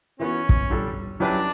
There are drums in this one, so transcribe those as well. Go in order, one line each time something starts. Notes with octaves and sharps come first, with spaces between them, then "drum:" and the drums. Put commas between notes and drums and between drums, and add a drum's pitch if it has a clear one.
E3 B3 C#4 F#4
drum: kick
D3 G3 D4 A4
F#3 C#4 D4 E4 G4 B4